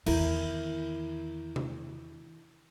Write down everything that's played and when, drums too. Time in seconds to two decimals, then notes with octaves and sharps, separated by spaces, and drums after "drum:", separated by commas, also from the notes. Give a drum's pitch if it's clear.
0.06 E2 D#3 E4 A#4, drum: cymbal
1.56 drum: tom C3